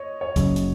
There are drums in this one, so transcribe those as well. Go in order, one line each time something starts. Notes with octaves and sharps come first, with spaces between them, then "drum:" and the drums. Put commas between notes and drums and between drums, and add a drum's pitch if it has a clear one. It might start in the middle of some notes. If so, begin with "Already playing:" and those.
Already playing: C#5 D#5
C#5
F#1 F#2 C#3 F#3, drum: kick, hi-hat
drum: hi-hat